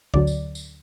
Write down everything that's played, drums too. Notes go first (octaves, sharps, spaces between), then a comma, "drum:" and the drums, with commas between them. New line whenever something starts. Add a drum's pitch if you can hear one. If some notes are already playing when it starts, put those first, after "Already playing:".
D2 D3 F#3 D5, drum: kick
drum: tambourine
drum: tambourine